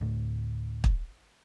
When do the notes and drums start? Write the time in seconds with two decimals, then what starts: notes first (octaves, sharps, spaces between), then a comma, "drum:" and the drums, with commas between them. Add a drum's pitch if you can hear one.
0.01 D2 A2 A3
0.84 drum: kick